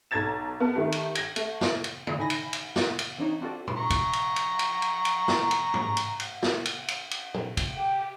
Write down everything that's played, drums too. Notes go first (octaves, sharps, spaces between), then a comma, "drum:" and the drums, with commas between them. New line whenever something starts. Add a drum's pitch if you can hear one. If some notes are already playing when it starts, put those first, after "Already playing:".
B1 A4 A#5 G#6 A6 E7
B3 A#4 A5
D#3 A3 G4
drum: cymbal
G#6 A#6, drum: cymbal
A3, drum: cymbal
drum: snare
drum: cymbal
drum: tom
A2 A3 D#4 G#5 B5 A#6
drum: cymbal
drum: cymbal
drum: snare
drum: cymbal
E3 C4 D4 D#4 C#5
C4 D4 F4 F#4 A4 D5
drum: tom A#2
A#5 C#6
drum: kick, cymbal
drum: cymbal
drum: cymbal
drum: cymbal
drum: cymbal
drum: cymbal
drum: snare
drum: cymbal
drum: tom
drum: cymbal
drum: cymbal
drum: snare
drum: cymbal
drum: cymbal
drum: cymbal
drum: tom
drum: kick, cymbal
G4